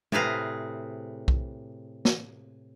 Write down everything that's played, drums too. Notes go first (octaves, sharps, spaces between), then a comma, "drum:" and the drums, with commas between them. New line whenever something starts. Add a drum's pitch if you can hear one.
A2 C3 G#4 B4 F5 A#5, drum: tom
drum: kick B1
drum: snare